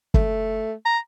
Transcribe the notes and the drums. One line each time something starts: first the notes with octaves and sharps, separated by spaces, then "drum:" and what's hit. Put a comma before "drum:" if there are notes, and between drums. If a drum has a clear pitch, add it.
A3, drum: kick
A#5